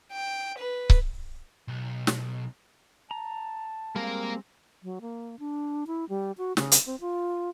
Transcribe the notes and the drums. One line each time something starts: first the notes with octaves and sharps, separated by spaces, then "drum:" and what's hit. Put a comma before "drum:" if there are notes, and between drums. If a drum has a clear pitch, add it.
G5
B4
drum: kick C#1
B1
drum: snare
A5 A#5
G3 G#3 A#3 C4 A#4
F#3
A#3
D4
E4
G3
F#4
C#3, drum: snare
drum: hi-hat
C4
F4